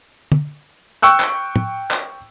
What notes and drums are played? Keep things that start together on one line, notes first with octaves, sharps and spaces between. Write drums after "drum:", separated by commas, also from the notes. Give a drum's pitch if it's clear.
drum: tom
G5 C#6 E6 F#6
drum: clap
drum: tom
drum: clap